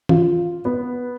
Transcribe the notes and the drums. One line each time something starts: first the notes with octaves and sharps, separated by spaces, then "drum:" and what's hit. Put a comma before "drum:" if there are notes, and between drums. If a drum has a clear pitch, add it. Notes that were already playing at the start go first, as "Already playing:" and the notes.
F4, drum: tom
B3